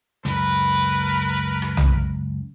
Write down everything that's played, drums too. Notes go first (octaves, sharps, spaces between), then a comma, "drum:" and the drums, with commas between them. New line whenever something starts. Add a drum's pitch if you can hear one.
C#2 F#2 A#4 B4, drum: hi-hat
drum: rim click
drum: tom B1